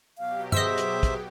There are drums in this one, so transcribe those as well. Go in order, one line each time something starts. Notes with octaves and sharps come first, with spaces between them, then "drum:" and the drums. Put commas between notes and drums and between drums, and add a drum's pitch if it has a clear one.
B2 F#3 G4 F5
G#4 C5 D#5 E5 E6, drum: tom G2
drum: hi-hat
drum: kick, hi-hat